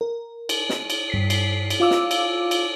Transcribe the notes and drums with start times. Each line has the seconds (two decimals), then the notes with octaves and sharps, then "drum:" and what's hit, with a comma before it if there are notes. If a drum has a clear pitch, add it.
0.01 A#4
0.49 drum: cymbal
0.69 drum: snare
0.90 drum: cymbal
1.10 G2 B6 C7
1.30 drum: cymbal
1.70 drum: cymbal
1.80 F4 F5 D6 E6
1.91 drum: snare
2.11 drum: cymbal
2.51 drum: cymbal